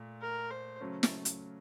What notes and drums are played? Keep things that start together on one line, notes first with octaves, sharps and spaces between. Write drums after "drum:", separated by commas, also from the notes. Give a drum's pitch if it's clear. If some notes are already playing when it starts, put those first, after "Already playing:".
Already playing: A#2 A3
A#4
C5
C#3 F#3 A3 C#4
drum: snare
drum: hi-hat